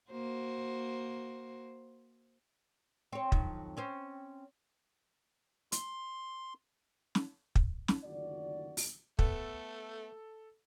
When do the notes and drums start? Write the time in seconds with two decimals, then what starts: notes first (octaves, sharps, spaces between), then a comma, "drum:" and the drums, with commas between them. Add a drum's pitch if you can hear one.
0.11 A#3 F#4 C5
3.13 C4 C#5
3.32 F2 D#3 F#3, drum: kick
3.77 C4 C#4 C5
5.72 C6, drum: hi-hat
7.15 drum: snare
7.55 drum: kick
7.88 drum: snare
8.04 F#1 D2 D#3 F4 F#4 D5
8.77 drum: open hi-hat
9.19 A3 B3 A4, drum: kick